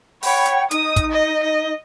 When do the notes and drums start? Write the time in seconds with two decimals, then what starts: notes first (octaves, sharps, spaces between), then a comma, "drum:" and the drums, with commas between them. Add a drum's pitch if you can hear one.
0.23 C#5 F#5 G5 B5, drum: open hi-hat
0.45 drum: hi-hat
0.71 D#4 D#6, drum: hi-hat
0.96 drum: kick, hi-hat
1.12 D#5
1.43 D#5